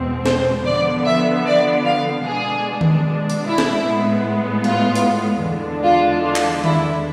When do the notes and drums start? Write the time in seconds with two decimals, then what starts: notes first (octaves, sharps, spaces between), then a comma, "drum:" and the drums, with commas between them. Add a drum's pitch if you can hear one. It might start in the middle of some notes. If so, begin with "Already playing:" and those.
Already playing: E2 B2 G#3 C4
0.26 C5, drum: snare
0.65 D3 F3 B3 D5
1.05 E5
1.46 D5
1.85 F5
2.25 B2 G#3 D4 G#4
2.81 drum: tom D#3
3.30 drum: hi-hat
3.45 E4
3.58 drum: snare
3.85 A2 G#3 B3
4.64 F4, drum: cymbal
4.95 drum: hi-hat
5.43 E2 D3 G#3 D4
5.84 F4
6.23 F4
6.36 drum: clap
6.64 E4, drum: tom D#3